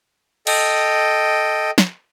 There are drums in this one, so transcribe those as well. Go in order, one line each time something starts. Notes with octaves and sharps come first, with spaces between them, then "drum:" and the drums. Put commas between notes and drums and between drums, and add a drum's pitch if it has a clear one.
A4 D#5 G5, drum: cymbal
drum: snare